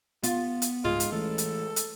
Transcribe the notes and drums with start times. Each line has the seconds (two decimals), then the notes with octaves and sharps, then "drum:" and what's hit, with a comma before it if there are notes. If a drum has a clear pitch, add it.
0.23 B3 F4, drum: hi-hat
0.62 drum: hi-hat
0.84 C#2 G#2 G#3 F4
1.00 drum: hi-hat
1.12 E3 A3 A4
1.38 drum: hi-hat
1.76 drum: hi-hat